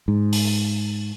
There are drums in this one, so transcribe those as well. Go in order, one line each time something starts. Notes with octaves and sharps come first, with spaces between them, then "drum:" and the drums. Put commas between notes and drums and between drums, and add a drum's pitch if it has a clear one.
G#2
drum: open hi-hat